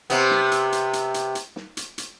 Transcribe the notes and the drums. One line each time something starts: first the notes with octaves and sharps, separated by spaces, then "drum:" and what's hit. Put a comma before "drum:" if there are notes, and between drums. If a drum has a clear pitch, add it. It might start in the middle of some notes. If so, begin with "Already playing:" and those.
C3 B3, drum: hi-hat
drum: snare
drum: hi-hat
drum: hi-hat
drum: hi-hat
drum: hi-hat
drum: hi-hat
drum: snare
drum: hi-hat
drum: hi-hat